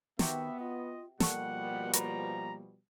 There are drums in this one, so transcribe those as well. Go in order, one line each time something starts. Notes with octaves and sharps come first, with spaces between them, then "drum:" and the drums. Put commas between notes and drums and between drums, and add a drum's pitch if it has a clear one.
C3 D#3 B3 F#4 G4 E5, drum: snare
F4 D#5
B2 F3 G3 A#3 A4 F#5 C#6, drum: snare
F#4 B4 A#5, drum: hi-hat